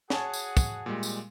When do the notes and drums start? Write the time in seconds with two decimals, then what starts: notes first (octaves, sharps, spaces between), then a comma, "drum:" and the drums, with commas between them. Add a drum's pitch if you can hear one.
0.10 F#4 G#4 C#5 F#5 G#5 A5, drum: snare
0.33 drum: tambourine
0.57 drum: kick, tambourine
0.86 A#2 G3 G#3
1.03 drum: tambourine